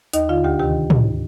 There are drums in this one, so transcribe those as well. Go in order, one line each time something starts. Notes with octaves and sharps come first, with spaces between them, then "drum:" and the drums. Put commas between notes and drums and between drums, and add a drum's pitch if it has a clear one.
D#2 D#4 D#5, drum: hi-hat
D3 F4 F5
D2 G4 G5
C3 D#3 G4 G5
drum: tom